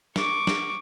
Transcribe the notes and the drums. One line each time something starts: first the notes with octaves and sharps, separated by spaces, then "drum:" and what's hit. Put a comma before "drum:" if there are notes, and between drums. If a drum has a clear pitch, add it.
C#6 D6, drum: snare
drum: snare